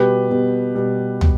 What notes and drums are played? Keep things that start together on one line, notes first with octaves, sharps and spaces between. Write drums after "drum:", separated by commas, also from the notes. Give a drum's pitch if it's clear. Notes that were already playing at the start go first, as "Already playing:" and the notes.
Already playing: B2 G3 G4 B4
B2 G3
B2 G3
drum: tom